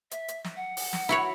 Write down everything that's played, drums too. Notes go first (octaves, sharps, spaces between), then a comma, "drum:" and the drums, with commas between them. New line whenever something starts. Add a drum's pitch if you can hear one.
E5, drum: hi-hat
drum: hi-hat
drum: snare
F#5
drum: open hi-hat
drum: snare
E4 F#4 C#5